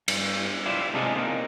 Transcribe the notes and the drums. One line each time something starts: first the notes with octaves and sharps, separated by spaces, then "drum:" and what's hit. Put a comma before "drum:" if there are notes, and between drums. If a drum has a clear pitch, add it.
G2, drum: cymbal
E4 F4 G4 C5 D5 E5
C3 G#3 D4 D#4 F4 G#4
A#3 C4 D4 D#4 A#4